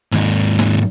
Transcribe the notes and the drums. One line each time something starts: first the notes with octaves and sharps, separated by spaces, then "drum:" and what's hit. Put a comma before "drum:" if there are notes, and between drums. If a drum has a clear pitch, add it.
D#2 G#2, drum: snare
drum: snare